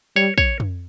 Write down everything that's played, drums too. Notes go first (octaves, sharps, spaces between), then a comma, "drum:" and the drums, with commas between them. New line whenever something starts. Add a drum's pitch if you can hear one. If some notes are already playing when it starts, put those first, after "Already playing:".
G3 C#5
C#5, drum: kick
drum: tom F2